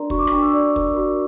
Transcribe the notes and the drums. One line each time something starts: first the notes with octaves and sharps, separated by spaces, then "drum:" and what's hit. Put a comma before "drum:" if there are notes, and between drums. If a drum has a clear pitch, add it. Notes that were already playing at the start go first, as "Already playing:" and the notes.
Already playing: D4 A#4 D5 A#5 C6
F#4 C#6, drum: kick
D6
D4 C#6, drum: rim click
E6
D5
A#4, drum: kick
F#4